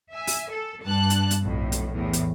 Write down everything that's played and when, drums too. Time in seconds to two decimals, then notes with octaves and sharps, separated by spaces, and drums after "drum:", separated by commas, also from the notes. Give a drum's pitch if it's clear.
0.11 E5 G#5
0.27 drum: open hi-hat
0.50 A4
0.83 G2 A5 F#6
1.10 drum: hi-hat
1.31 drum: hi-hat
1.42 B1 F2 A2
1.72 drum: hi-hat
1.93 E2 A2
2.13 drum: hi-hat